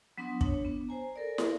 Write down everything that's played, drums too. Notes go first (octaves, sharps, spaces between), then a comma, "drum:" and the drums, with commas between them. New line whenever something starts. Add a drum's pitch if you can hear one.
F#3 B3 D4 C6 D#6
D4 C#5, drum: kick
B3
C5 G#5 A#5
A4 A#4 D5
drum: snare